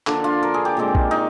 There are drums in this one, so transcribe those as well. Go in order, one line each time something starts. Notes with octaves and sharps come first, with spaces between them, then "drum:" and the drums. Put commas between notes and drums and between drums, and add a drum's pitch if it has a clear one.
D3 F3 A#3 D4, drum: clap
F4
A#4
G#4
G4
A#2 G#3 C4
drum: kick A#1
D#4